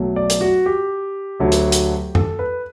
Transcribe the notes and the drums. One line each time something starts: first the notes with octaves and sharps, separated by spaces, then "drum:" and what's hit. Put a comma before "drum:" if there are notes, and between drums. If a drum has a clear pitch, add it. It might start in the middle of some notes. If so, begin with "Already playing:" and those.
Already playing: B1 B2 F#3 A3
D5
drum: hi-hat
F#4
G4
D2 D3 F#3 A3
drum: hi-hat
drum: hi-hat
A4, drum: tom F#2
B4